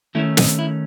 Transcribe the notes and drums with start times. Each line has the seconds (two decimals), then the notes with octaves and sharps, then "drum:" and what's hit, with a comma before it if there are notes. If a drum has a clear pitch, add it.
0.15 D#3 A3 C#4 E4
0.37 D#4, drum: snare
0.59 E4